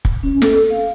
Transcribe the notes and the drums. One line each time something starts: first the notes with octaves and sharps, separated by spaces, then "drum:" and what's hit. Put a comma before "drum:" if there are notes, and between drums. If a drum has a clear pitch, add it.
drum: kick
C#4
A4, drum: snare
F5